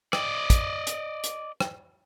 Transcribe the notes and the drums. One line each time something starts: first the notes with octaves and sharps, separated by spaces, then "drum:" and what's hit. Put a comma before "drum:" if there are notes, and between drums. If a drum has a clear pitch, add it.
D5 D#5, drum: rim click
drum: kick, hi-hat
drum: hi-hat
drum: hi-hat
drum: rim click